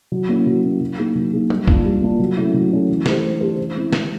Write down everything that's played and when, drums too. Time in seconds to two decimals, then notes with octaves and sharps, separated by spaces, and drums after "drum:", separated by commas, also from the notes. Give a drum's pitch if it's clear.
0.12 F#3
0.29 A#3 C#4 E4
0.47 F#3
0.63 A#3 C#4 E4
0.81 F#3
0.98 A#3 D#4 G#4
1.15 F#3
1.33 A#3 D#4 G#4
1.50 G3, drum: tom F#3
1.68 A#3 D4 F4, drum: kick F#1
1.85 G3
2.02 A#3 D4 F4
2.19 F#3
2.37 A3 C#4 E4
2.54 F#3
2.71 A3 C#4 E4
2.89 E3
3.06 A3 D4 G4 C5, drum: snare
3.23 E3
3.41 A3 D4 G4 C5
3.58 E3
3.75 G#3 C4 E4
3.93 E3, drum: snare